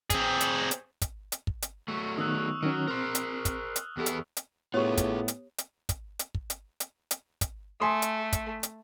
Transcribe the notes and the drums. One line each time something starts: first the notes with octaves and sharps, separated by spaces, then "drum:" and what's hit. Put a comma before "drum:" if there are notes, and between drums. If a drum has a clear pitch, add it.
C4 G#4, drum: kick, hi-hat
drum: hi-hat
drum: hi-hat
drum: kick, hi-hat
drum: hi-hat
drum: kick
drum: hi-hat
F#3 A3 C#6
D#3 B3 D#4 D#6 E6 F#6
D#3 F#3 C#4 F6
C4 A#4 C5 C#6
drum: hi-hat
drum: kick, hi-hat
drum: hi-hat
E2 B3 E4 G4 A4
drum: hi-hat
drum: hi-hat
A2 B3 F4 G4 G#4 C#5
drum: kick, hi-hat
drum: hi-hat
drum: hi-hat
drum: kick, hi-hat
drum: hi-hat
drum: kick
drum: hi-hat
drum: hi-hat
drum: hi-hat
drum: kick, hi-hat
A3 G#5 C6 D#6
drum: hi-hat
drum: kick, hi-hat
drum: hi-hat